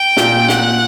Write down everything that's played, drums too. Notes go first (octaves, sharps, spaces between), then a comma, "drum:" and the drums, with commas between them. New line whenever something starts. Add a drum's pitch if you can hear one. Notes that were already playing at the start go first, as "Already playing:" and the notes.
Already playing: G5
A#2, drum: snare
F#5, drum: snare